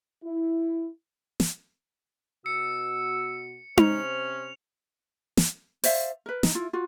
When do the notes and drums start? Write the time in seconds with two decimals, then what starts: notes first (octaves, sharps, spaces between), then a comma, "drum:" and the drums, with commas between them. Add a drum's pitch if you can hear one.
0.23 E4
1.40 drum: snare
2.46 B2 F#4 E6 C#7
3.77 C3 C#4 C5 F7, drum: tom D#4
5.37 drum: snare
5.84 C5 D5 E5 F5, drum: open hi-hat
6.26 A#4 B4
6.43 D#4, drum: snare
6.55 E4 F4
6.73 F4 F#4